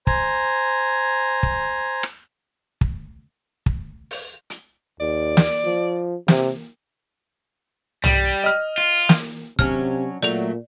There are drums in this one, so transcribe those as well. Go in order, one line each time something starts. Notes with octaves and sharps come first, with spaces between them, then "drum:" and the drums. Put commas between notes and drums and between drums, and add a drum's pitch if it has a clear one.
C5 G#5 A#5, drum: kick
drum: kick
drum: rim click
drum: kick
drum: kick
drum: open hi-hat
drum: hi-hat
D#2 D5
drum: snare
F3
C3, drum: snare
G3, drum: tom
D#5 F6
F4
drum: snare
C3 F#3 C#4 D4 F6, drum: kick
A#2 F#3 A3 D5 F7, drum: hi-hat